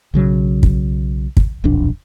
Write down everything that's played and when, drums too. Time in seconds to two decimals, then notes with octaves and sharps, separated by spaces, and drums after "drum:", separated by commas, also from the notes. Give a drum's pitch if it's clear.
0.14 B1 C#3 F#3
0.63 drum: kick
1.37 drum: kick
1.64 D#1 B1 F2 D4